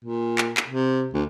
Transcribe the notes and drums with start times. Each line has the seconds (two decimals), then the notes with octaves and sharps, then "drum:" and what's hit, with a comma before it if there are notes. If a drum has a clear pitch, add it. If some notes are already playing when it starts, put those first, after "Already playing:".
0.05 A#2
0.38 drum: clap
0.57 drum: clap
0.67 C3
1.14 D2